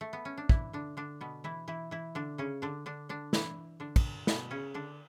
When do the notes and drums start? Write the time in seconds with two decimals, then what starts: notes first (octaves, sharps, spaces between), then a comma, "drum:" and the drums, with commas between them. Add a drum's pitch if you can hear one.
0.01 A3
0.13 B3
0.25 C#4
0.38 D4
0.49 E3 E4, drum: kick
0.73 D3 D4
0.97 D3 D4
1.21 B2 B3
1.44 E3 E4
1.68 E3 E4
1.91 E3 E4
2.15 D3 D4
2.38 C#3 C#4
2.62 D3 D4
2.86 D3 D4
3.09 D3 D4
3.33 E3 E4, drum: snare
3.80 D3 D4
3.96 drum: kick, cymbal
4.27 B2 B3, drum: snare
4.51 C#3 C#4
4.74 D3 D4